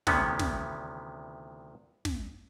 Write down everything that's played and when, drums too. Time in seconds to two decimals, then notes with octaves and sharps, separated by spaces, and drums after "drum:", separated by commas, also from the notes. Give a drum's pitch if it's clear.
0.07 D2 C3 D#3 E3 B3 C#4, drum: snare
0.39 drum: snare
2.05 drum: snare